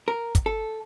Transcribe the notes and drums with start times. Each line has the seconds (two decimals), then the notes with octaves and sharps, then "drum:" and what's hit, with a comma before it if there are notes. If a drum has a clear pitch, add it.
0.08 A#4
0.35 drum: kick, hi-hat
0.46 A4